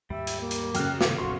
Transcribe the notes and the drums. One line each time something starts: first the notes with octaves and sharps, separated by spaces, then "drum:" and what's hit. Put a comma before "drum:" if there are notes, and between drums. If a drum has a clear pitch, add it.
D#2 G#2 G3 E5
drum: hi-hat
A#3
drum: hi-hat
F#2 C#3 G5 F6 F#6, drum: hi-hat
G2 C3 D#3 D6, drum: snare
F1 A#1 F#4 C6 C#6